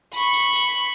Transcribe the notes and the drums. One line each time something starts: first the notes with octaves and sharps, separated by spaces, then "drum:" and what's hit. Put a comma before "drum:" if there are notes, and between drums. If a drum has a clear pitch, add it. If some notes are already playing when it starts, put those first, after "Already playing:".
B5 C#6, drum: tambourine
drum: tambourine
drum: tambourine